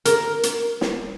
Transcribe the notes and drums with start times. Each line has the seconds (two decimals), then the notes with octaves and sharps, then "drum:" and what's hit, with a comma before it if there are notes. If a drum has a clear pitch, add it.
0.05 A#4, drum: hi-hat
0.43 drum: hi-hat
0.81 drum: snare